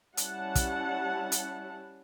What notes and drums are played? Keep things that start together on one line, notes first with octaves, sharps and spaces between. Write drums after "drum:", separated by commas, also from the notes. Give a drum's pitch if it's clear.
G3 C#4 E4 F#5 A5, drum: hi-hat
drum: kick, hi-hat
drum: hi-hat